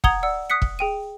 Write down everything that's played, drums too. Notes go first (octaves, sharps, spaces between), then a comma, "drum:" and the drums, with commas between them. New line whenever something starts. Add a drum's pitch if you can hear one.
F#5 A#5 D#6 G#6 F7 G7, drum: kick
D5 F#5 E6
D#6 F#6 B6 C#7
drum: kick
G#4 G5 D#7